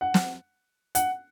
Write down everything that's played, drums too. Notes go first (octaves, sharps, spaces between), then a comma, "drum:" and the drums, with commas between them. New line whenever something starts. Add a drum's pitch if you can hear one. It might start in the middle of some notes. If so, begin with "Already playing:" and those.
F#5
drum: snare
F#5, drum: hi-hat